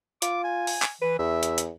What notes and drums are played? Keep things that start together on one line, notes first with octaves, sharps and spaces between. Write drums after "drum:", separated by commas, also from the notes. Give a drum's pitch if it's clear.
F4 D6, drum: hi-hat
G#5
drum: open hi-hat
drum: clap
E3 B4
E2 E5
drum: hi-hat
drum: hi-hat